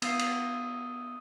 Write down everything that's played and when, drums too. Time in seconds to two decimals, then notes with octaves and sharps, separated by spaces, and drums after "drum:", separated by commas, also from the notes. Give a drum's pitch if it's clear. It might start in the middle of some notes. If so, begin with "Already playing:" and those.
0.02 B3 F5 D#6 E6 D#7, drum: cymbal
0.19 drum: cymbal